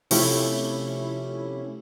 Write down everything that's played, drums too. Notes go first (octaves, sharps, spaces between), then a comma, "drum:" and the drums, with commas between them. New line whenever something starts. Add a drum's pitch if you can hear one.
C3 F3 A3 C#4 E4 G4, drum: open hi-hat